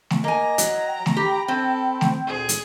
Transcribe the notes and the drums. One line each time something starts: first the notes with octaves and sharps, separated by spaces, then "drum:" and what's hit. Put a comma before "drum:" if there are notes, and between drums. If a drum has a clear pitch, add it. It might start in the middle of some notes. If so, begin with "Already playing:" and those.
drum: snare A3
A#3 D#5 G#5 A#5
F#3, drum: hi-hat
G5
drum: snare A3
G4 B5
C4 A4
drum: snare A3
D2 A#2 G#4
drum: hi-hat